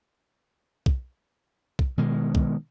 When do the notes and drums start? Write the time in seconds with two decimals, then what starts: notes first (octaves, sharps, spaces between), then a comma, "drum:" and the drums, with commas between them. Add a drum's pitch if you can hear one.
0.86 drum: kick
1.79 drum: kick
1.98 B2 D#3 G#3
2.35 drum: kick